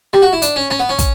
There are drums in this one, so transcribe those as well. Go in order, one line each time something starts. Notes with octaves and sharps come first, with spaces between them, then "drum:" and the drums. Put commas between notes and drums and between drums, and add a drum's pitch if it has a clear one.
G3, drum: rim click
F#4
E4
D4, drum: hi-hat
C#4
C#4, drum: rim click
B3
C#4
drum: kick, hi-hat